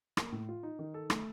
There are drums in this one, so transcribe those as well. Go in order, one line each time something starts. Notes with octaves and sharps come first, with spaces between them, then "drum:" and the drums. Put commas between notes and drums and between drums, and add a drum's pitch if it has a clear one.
A#3, drum: rim click
A2
F4
D#4
D#3
A4
A3, drum: rim click